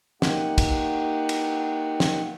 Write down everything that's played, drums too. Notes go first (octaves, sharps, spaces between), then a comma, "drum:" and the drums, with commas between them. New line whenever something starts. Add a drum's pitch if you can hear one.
A#3 D#4 G4 F#5, drum: snare
drum: kick, cymbal
drum: cymbal
drum: snare